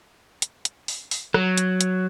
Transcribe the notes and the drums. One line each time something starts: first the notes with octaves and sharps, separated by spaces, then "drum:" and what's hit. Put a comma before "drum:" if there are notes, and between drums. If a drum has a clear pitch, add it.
drum: hi-hat
drum: hi-hat
drum: open hi-hat
drum: open hi-hat
F#3, drum: rim click
drum: hi-hat
drum: hi-hat